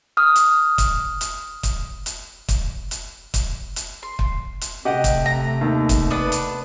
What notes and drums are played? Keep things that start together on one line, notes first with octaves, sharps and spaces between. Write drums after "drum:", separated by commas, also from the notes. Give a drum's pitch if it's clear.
D#6 F6
drum: hi-hat
drum: kick, hi-hat
drum: hi-hat
drum: kick, hi-hat
drum: hi-hat
drum: kick, hi-hat
drum: hi-hat
drum: kick, hi-hat
drum: hi-hat
C6
drum: kick
drum: hi-hat
C3 A3 G4 D#5 F#5
drum: kick, hi-hat
A#5
D#2
drum: kick, hi-hat
B3 D4 B4
drum: hi-hat